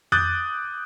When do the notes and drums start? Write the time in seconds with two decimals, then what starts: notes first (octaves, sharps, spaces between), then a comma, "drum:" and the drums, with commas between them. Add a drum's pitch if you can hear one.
0.12 D6 D#6 F#6 G6 A6, drum: tom F2